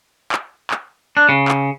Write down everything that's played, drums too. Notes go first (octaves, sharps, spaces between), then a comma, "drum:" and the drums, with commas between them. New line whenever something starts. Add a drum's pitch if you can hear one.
drum: clap
drum: clap
D4
C#3
drum: clap